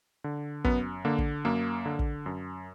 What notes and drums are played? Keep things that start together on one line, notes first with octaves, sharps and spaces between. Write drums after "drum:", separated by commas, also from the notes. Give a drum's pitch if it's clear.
D3
F#2 B3, drum: kick
D3 A#3
drum: kick
F#2 A#3
D3
drum: kick
F#2